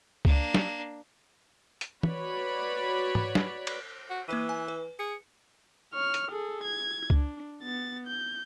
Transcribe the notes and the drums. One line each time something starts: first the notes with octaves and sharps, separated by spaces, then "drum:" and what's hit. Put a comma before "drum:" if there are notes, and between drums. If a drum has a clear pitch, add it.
A#3 D4, drum: kick C#2
drum: snare
drum: hi-hat
F#4 B4 C#5 D5 B5, drum: tom
drum: tom
drum: snare
drum: cymbal
F#4
E3 A#3 B4 D#7
G#5
B4
G#4 C#7
C#5 F6
drum: hi-hat
G#4 A4
G#6
D4, drum: kick C#2
B3 A6
G6